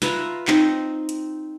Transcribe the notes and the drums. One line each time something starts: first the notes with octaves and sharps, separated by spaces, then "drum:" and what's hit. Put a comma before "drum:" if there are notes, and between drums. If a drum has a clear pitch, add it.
F4 B4 E5 A#5, drum: snare
C4 D#4, drum: clap
drum: hi-hat